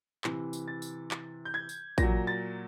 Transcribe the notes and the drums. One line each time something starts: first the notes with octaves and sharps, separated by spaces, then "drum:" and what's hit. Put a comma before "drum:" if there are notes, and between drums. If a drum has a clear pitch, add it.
C3 E3, drum: clap
drum: tambourine
A6
drum: tambourine
drum: clap
G6
G#6
drum: tambourine
A#2 F#3 A#6, drum: kick A1, tambourine
A6